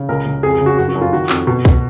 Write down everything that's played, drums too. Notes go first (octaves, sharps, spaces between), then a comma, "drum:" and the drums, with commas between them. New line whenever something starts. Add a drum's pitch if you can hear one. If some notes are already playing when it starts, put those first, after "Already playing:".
Already playing: C#3
C#2 A#4
C#2
F2 G#4
G#4
C#3
F#4
F#2 F#4
F#4
F#2
F4
D#3 F#4
F2, drum: clap
B2
B2, drum: kick C2